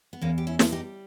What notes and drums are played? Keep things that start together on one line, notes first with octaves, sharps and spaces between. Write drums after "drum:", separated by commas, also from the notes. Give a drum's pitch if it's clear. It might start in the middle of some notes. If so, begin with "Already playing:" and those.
B3
E2 A#3 C#4
G4
C#4 E4
G3, drum: snare
D#4 G4